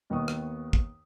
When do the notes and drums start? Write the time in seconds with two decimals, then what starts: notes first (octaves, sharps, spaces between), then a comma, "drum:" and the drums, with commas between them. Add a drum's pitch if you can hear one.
0.10 D#2 D#3 B3 C#6 D#6
0.28 drum: rim click
0.73 drum: kick